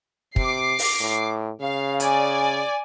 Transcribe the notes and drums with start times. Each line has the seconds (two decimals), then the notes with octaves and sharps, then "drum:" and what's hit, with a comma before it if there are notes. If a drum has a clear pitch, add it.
0.36 C3 D6 C7, drum: kick
0.79 drum: open hi-hat
1.00 A2
1.61 C#3 F5
2.00 D5 G#5, drum: hi-hat